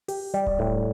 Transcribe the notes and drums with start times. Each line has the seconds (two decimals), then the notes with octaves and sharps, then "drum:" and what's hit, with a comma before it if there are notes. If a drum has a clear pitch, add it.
0.08 G4, drum: open hi-hat
0.34 G3
0.47 drum: kick D1
0.59 A2